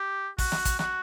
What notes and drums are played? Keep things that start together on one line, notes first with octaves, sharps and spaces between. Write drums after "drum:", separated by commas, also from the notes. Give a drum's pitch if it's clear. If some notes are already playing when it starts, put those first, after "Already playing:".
Already playing: G4
F#4, drum: kick, open hi-hat
drum: snare
drum: kick, hi-hat
F#4, drum: snare